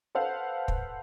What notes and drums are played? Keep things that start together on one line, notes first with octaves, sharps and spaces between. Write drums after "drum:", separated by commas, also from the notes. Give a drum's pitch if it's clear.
A4 B4 C5 F5 F#5
drum: kick